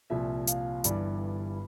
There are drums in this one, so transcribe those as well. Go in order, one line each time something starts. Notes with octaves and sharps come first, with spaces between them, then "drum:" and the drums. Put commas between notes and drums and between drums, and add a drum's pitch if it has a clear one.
C2 A#2 F3 E5
F5, drum: hi-hat
G1 G2 E3 G3 D5, drum: hi-hat